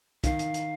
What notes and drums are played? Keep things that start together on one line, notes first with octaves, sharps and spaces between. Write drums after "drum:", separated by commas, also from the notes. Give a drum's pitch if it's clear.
D#3 F5, drum: kick, hi-hat
drum: hi-hat
drum: hi-hat